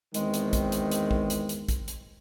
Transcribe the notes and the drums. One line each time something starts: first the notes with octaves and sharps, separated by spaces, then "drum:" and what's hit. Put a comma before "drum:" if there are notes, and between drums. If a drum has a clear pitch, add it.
E2 D#3 G#3 C4, drum: hi-hat
drum: hi-hat
drum: kick A#1, hi-hat
drum: hi-hat
drum: hi-hat
drum: kick A#1
drum: hi-hat
drum: hi-hat
drum: kick A#1, hi-hat
drum: hi-hat